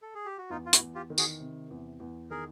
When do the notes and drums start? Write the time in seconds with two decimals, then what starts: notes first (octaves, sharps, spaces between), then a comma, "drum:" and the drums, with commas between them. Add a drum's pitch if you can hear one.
0.02 A4
0.15 G#4
0.26 G4
0.38 F#4
0.50 E2 D#4 F4
0.66 F4
0.73 E4 F#4, drum: hi-hat
0.80 E2
0.95 F4 G4
1.10 D#3
1.18 F#4 G#4, drum: tambourine
1.40 C3
1.70 E2
2.00 E2
2.30 D#3 G#4 A#4